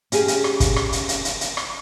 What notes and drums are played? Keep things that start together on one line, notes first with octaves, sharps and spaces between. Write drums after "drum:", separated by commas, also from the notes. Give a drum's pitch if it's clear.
C#4 G4 G#4, drum: hi-hat
drum: hi-hat
drum: rim click
drum: kick, hi-hat
drum: rim click
drum: hi-hat
drum: hi-hat
drum: hi-hat
drum: hi-hat
drum: rim click